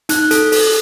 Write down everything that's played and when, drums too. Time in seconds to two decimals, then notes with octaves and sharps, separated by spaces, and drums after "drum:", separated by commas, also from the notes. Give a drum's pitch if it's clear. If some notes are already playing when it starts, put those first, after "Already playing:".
0.09 D#4 F#6, drum: hi-hat
0.31 A4, drum: hi-hat
0.52 A4, drum: open hi-hat